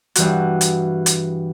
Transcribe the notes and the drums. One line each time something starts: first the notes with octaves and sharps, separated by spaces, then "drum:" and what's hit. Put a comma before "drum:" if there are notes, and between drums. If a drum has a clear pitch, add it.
G2 E3 F#4, drum: hi-hat
drum: hi-hat
drum: hi-hat